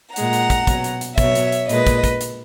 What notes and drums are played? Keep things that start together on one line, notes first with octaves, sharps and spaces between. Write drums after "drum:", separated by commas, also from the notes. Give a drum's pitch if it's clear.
A#2 G#3 F#5 A#5, drum: hi-hat
drum: hi-hat
drum: kick, hi-hat
B2 F#3, drum: kick, hi-hat
drum: hi-hat
drum: hi-hat
B2 F#3 C#5 E5, drum: kick, hi-hat
drum: hi-hat
drum: hi-hat
A#2 G#3 B4 D#5, drum: hi-hat
drum: kick, hi-hat
drum: kick, hi-hat
drum: hi-hat